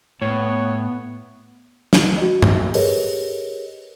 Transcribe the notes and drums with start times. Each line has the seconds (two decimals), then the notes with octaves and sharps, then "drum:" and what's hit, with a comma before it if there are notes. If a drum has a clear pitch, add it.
0.22 A2 B3 C#5
1.93 drum: snare
2.17 F#4 D#5
2.42 drum: tom G2
2.74 G4 G#4 A#4 B4 C#5 D#5, drum: open hi-hat